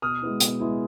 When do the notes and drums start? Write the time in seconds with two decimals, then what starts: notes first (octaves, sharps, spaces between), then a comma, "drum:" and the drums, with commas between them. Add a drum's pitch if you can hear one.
0.02 B2 D#6 F6
0.22 G#3 B3 E4
0.40 B2, drum: hi-hat
0.60 G#3 B3 E4